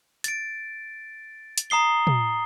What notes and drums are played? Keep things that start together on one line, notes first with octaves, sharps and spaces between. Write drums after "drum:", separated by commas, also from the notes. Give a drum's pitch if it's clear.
A6 D7, drum: hi-hat
drum: hi-hat
A#5 D#6 C7 G7
drum: tom